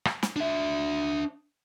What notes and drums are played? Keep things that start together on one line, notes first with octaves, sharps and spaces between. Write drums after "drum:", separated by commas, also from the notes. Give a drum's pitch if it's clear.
drum: rim click
drum: snare
D4 E5